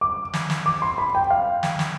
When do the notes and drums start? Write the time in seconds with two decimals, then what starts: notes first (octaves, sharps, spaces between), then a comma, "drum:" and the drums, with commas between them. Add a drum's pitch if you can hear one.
0.01 D6
0.33 drum: snare
0.50 drum: snare
0.66 D6
0.82 C6
0.98 B5
1.15 G5
1.30 F5
1.63 drum: snare
1.79 drum: snare